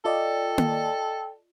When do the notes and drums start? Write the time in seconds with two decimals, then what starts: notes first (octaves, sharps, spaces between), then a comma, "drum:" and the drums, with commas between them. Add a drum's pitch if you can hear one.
0.05 F4 A4 D5 D#5 G5
0.58 drum: tom A#3